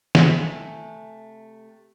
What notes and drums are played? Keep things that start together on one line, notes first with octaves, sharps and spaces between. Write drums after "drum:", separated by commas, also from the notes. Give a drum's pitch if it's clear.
C3 A3 G#5, drum: snare